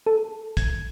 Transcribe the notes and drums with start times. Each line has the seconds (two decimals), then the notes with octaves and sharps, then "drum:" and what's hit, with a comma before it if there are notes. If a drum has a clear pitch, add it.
0.06 A4
0.57 G#6, drum: kick, hi-hat